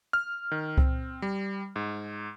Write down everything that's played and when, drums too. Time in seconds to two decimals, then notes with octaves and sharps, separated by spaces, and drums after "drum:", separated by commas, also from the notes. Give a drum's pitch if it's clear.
0.13 F6
0.52 D#3
0.78 C4, drum: kick C2
1.22 G3
1.76 G#2